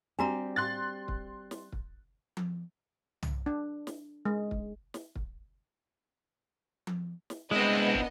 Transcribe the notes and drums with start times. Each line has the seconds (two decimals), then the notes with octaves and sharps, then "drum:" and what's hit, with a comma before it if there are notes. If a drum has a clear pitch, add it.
0.19 G3 C4 D4 F#4 G4 A#5
0.56 C6 F#6 A6
1.08 drum: kick
1.51 drum: snare
1.72 drum: kick
2.37 drum: tom F3
3.23 drum: tom
3.46 D4
3.87 drum: snare
4.25 G#3
4.51 drum: kick
4.94 drum: snare
5.15 drum: kick
6.87 drum: tom F3
7.30 drum: snare
7.51 G#3 B3 C4 D4 E4 D#5
7.94 drum: kick